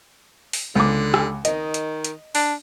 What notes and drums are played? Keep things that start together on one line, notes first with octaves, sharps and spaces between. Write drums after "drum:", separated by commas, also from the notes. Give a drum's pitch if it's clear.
drum: open hi-hat
C#2 D3 D6
drum: rim click
D#3 D#5, drum: hi-hat
drum: hi-hat
drum: hi-hat
D4, drum: open hi-hat